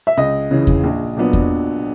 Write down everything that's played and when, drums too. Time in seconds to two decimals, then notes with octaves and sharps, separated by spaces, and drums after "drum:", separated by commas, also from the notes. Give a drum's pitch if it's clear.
0.07 E5
0.17 C#2 D#5
0.51 C#3 E3
0.67 drum: kick E2
0.83 A#1
1.17 A#2 F#3 B3 D4
1.33 drum: kick E2